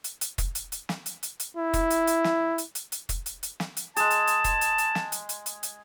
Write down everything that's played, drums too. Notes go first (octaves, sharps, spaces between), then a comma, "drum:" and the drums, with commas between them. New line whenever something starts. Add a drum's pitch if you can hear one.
drum: hi-hat
drum: hi-hat
drum: kick, hi-hat
drum: hi-hat
drum: hi-hat
drum: snare
drum: hi-hat
drum: hi-hat
drum: hi-hat
E4
drum: kick, hi-hat
drum: hi-hat
drum: hi-hat
drum: snare
drum: hi-hat
drum: hi-hat
drum: hi-hat
drum: kick, hi-hat
drum: hi-hat
drum: hi-hat
drum: snare
drum: hi-hat
G#3 G#4 A5, drum: hi-hat
drum: hi-hat
drum: hi-hat
drum: kick, hi-hat
drum: hi-hat
drum: hi-hat
drum: snare
drum: hi-hat
drum: hi-hat
drum: hi-hat
drum: hi-hat